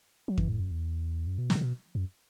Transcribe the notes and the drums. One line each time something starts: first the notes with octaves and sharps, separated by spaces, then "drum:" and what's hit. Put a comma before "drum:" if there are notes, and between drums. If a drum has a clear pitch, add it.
F#3
E3, drum: kick F2
A2
F#2
E2
F#2
B2
A2, drum: snare
D3
B2
F#2